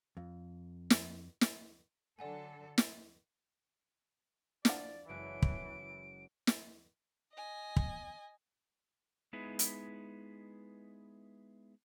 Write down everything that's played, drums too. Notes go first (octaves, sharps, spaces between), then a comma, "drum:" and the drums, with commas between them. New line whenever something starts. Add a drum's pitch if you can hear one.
F2
drum: snare
drum: snare
D3 F#3 A4 D5 F#5 G#5
drum: snare
F3 D4 D5 F#5, drum: snare
F#1 E3 G#3 F#4 D7
drum: kick
drum: snare
D#5 G#5
drum: kick
G#3 B3 D#4 E4 G#4 B4
drum: hi-hat